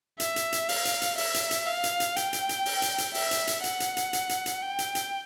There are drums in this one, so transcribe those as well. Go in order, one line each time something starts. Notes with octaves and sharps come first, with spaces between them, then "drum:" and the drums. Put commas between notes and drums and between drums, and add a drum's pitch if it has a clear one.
E5, drum: hi-hat
drum: hi-hat
drum: hi-hat
F5, drum: open hi-hat
drum: hi-hat
drum: hi-hat
E5, drum: open hi-hat
drum: hi-hat
drum: hi-hat
F5
drum: hi-hat
drum: hi-hat
G5, drum: hi-hat
drum: hi-hat
drum: hi-hat
drum: open hi-hat
drum: hi-hat
drum: hi-hat
E5, drum: open hi-hat
drum: hi-hat
drum: hi-hat
F#5, drum: hi-hat
drum: hi-hat
drum: hi-hat
drum: hi-hat
drum: hi-hat
drum: hi-hat
G5
drum: hi-hat
drum: hi-hat